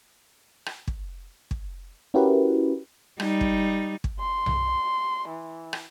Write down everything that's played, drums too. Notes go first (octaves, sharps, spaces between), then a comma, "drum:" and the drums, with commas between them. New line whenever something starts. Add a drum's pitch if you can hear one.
drum: rim click
drum: kick
drum: kick
C#4 E4 F#4 G4 A#4 B4
G3 D#4, drum: rim click
drum: kick
drum: kick
C6
drum: tom B1
E3
drum: rim click